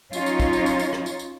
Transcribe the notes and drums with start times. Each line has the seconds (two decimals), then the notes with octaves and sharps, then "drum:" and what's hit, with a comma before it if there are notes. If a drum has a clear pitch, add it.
0.13 F#3 C#4 D#4 F4 C#5, drum: tambourine
0.26 drum: tambourine
0.40 drum: kick, tambourine
0.53 drum: tambourine
0.66 drum: tambourine
0.79 drum: tambourine
0.93 drum: rim click
1.06 drum: tambourine
1.19 drum: tambourine